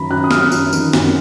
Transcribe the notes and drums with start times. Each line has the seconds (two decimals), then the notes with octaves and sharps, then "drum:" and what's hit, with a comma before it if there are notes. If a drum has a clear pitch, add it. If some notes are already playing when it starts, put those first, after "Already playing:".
Already playing: F#2 D#3 F#3 A#5 B5
0.10 F#2 F#6
0.24 D#6
0.31 F#3 F6, drum: snare
0.52 F#2, drum: tambourine
0.73 D#3, drum: tambourine
0.93 F#2, drum: snare